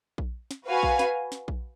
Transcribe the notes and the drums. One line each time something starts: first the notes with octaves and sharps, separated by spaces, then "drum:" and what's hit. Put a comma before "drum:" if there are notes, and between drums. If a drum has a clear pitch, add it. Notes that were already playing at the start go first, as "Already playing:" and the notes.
drum: kick A#1
drum: snare
F#4 B4 F5 G#5
drum: kick A#1
drum: snare
drum: snare
drum: kick A#1